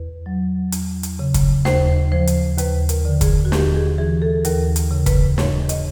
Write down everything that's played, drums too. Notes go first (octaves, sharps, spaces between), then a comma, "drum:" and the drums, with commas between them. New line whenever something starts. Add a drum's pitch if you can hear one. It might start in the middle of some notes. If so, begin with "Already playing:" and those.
Already playing: E2 B4
F#3
E2, drum: hi-hat
drum: hi-hat
C#3
drum: kick, hi-hat
D#2 C5, drum: snare
F3 C5
drum: hi-hat
D#2 B4, drum: hi-hat
A#4, drum: hi-hat
D3
G#4, drum: kick, hi-hat
F#4
D#2 G4, drum: snare
G#4
E3 G#4
A4
D#2 A#4, drum: hi-hat
drum: hi-hat
C#3
B4, drum: kick, hi-hat
G#2 C#5, drum: snare
D#5, drum: hi-hat